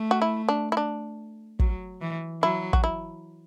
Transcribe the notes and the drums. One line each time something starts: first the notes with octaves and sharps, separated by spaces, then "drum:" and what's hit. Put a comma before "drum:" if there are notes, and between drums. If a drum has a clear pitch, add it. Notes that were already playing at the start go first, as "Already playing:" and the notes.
Already playing: A3
F#4
E4
D4
E4
D4
F#3, drum: kick
E3
F#3 E4
F#4, drum: kick
E4